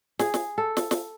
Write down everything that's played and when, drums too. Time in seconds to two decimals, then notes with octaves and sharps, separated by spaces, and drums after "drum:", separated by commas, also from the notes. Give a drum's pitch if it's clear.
0.19 G#4, drum: snare
0.34 drum: snare
0.58 A4
0.77 drum: snare
0.91 drum: snare